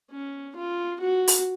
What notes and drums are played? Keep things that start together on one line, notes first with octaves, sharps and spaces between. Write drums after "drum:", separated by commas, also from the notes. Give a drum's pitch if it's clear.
C#4
F4
F#4
drum: open hi-hat